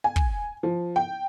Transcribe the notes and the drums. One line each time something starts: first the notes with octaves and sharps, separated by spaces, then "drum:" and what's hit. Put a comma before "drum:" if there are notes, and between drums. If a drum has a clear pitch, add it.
G#5
drum: kick
F3
G5